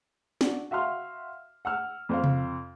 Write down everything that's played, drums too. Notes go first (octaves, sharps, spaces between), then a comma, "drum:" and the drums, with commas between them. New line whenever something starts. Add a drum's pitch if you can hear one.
D4 F#4, drum: snare
F#4 E5 F5 C6 F6
F#5 E6 F6
F2 C5 F5
drum: tom C3